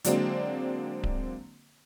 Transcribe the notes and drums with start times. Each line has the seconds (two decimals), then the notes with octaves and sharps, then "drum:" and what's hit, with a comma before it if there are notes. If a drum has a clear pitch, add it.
0.04 D3 F#3 G#3 A#3 C4 D4, drum: hi-hat
1.04 drum: kick D1